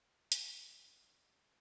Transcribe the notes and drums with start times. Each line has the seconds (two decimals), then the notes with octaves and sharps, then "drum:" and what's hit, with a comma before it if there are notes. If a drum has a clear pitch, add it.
0.32 drum: hi-hat
0.65 F#5